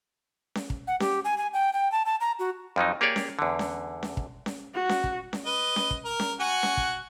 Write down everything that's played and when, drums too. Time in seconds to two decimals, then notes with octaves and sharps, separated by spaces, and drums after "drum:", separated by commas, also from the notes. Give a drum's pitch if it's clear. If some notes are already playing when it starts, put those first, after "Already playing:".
0.55 drum: snare C#4
0.70 drum: kick
0.87 F#5
1.00 G4, drum: snare C#4
1.24 G#5
1.38 G#5
1.53 G5
1.73 G5
1.92 A5
2.06 A5
2.20 A#5
2.39 F#4
2.76 F2 F3 F#3 D#4
3.01 A#3 G4 G#4 C#5 D5
3.16 drum: snare C#4
3.39 E2 D3
3.59 drum: snare C#4
4.03 drum: snare C#4
4.17 drum: kick
4.46 drum: snare C#4
4.74 F#4
4.89 drum: snare C#4
5.04 drum: kick
5.33 drum: snare C#4
5.46 B4 D#5
5.76 drum: snare C#4
5.91 drum: kick
6.05 A#4
6.20 drum: snare C#4
6.40 F#4 F#5 G#5
6.63 drum: snare C#4
6.77 drum: kick